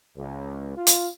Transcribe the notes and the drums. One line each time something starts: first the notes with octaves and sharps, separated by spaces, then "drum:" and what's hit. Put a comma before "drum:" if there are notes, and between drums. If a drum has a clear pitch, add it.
C#2
F4
drum: hi-hat